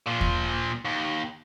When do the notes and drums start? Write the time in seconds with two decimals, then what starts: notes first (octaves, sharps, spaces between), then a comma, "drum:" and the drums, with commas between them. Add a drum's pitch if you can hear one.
0.06 A#2 F3
0.21 drum: kick D#2
0.85 D#2